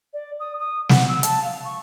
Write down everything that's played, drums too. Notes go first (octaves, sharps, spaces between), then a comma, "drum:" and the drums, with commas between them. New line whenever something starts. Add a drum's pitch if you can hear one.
D5
D#6
D#6
F#5, drum: snare
E6
A5, drum: hi-hat
F5
C#6